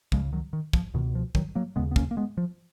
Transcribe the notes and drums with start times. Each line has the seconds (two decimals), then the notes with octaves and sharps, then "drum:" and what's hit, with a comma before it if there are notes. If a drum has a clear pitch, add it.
0.12 C#2 C#3 F3 G#3, drum: kick
0.33 D#3 F#3
0.53 D#3
0.73 F3, drum: kick
0.94 C#2 B2 D#3
1.15 F3
1.35 D#3 F#3, drum: kick
1.55 F#3 A#3
1.76 D#2 C#3 G#3 B3
1.91 B3
1.96 A#3 C#4, drum: kick
2.11 A#3
2.17 G#3 B3
2.37 F3